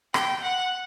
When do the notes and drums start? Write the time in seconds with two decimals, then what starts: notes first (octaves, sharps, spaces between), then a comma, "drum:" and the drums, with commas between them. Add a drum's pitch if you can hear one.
0.14 G5, drum: rim click
0.42 F#5